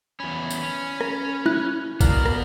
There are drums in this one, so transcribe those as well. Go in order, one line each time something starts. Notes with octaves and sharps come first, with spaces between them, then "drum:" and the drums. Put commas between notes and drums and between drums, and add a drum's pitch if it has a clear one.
E2 C#4 B5
drum: tambourine
C#4
drum: rim click
E4 F#6
B2 B3 A#4 D5 F5, drum: kick, tambourine
drum: rim click